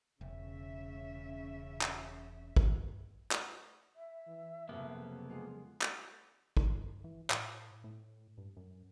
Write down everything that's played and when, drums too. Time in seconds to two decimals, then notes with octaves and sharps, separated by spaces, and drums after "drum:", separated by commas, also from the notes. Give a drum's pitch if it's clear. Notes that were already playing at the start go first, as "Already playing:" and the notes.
0.21 E1 C#3 C#4 E5
1.81 drum: clap
2.56 drum: kick
3.31 drum: clap
3.96 E5
4.26 E3
4.69 F#1 F2 C3 A#3 B3
5.30 G#3 F4 G#4 F#5
5.82 drum: clap
6.57 drum: kick
7.04 E3
7.30 A2, drum: clap
7.84 A2
8.38 G2
8.57 F#2